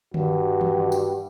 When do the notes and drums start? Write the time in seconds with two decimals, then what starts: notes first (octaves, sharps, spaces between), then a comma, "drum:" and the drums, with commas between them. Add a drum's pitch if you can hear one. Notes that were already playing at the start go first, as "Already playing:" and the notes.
0.14 G2 F#4, drum: tom D3
0.61 drum: tom D#3
0.92 drum: tambourine